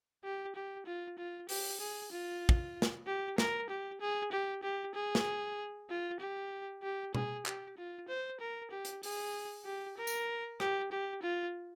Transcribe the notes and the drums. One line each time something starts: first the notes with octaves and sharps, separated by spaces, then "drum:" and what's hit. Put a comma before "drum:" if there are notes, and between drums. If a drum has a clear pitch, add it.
G4
G4
F4
F4
G4, drum: open hi-hat
G#4
F4
drum: kick
drum: snare
G4
A#4, drum: snare
G4
G#4
G4
G4
G#4
drum: snare
F4
G4
G4
G#4, drum: tom B2
G4, drum: clap
F4
C5
A#4
G4
drum: hi-hat
G#4, drum: open hi-hat
G4
A#4
drum: tambourine
G4, drum: rim click
G4
F4